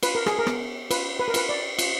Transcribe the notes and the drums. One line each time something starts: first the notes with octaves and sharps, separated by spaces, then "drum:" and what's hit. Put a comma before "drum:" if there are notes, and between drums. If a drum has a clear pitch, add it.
F4 B4, drum: cymbal
A#4
G#4, drum: rim click
A#4
B3, drum: rim click
F4 B4, drum: cymbal
B4
A#4
F4 B4, drum: cymbal
D5
F4, drum: cymbal